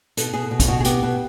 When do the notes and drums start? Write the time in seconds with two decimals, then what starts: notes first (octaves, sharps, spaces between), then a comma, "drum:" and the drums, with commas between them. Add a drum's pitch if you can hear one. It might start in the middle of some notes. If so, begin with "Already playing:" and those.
0.17 B2 A4, drum: hi-hat
0.33 B2 G#4
0.51 B2
0.60 F4, drum: kick, hi-hat
0.68 B2 F#4
0.80 G#4
0.84 B3 G4, drum: hi-hat
1.03 B2